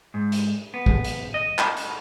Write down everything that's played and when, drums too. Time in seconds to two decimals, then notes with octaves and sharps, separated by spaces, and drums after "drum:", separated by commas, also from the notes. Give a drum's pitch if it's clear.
0.14 G#2
0.32 drum: hi-hat
0.74 B3
0.86 drum: kick
1.04 drum: hi-hat
1.34 D#5
1.59 drum: clap
1.77 drum: hi-hat